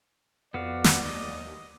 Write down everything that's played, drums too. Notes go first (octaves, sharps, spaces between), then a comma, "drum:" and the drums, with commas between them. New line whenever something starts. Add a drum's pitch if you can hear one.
F2 B3 F#4 D5 F5
drum: snare
D#2 D#5